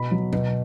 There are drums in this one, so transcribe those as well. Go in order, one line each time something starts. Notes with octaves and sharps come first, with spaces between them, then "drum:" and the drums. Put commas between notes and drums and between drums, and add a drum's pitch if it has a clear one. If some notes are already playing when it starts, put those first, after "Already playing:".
Already playing: B2 B5
F#3
B2, drum: tom F#3